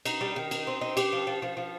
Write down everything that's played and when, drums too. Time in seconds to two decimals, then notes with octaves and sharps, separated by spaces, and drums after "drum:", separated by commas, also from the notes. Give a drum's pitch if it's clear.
0.05 D#4, drum: cymbal
0.21 G3
0.36 D#3
0.51 D#4, drum: cymbal
0.67 C4
0.81 D#4
0.97 G4, drum: cymbal
1.12 F3
1.27 F3
1.42 F3
1.57 F3